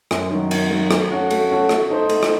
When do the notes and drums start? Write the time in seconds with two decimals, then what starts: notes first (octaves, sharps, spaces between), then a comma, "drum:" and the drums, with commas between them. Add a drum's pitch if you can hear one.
0.11 F#2, drum: rim click
0.31 D#3 F#3
0.51 F#2, drum: cymbal
0.70 D#3 F#3
0.91 A3, drum: rim click
1.11 C#4 F#4 A4
1.30 A3, drum: cymbal
1.51 C#4 F#4 A4
1.69 A3, drum: rim click
1.90 D#4 A4 C5
2.09 A3, drum: cymbal
2.23 drum: rim click